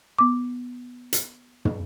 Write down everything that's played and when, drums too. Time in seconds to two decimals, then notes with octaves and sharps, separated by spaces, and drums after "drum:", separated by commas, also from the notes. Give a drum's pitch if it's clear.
0.19 B3 D6
1.13 drum: hi-hat
1.65 drum: tom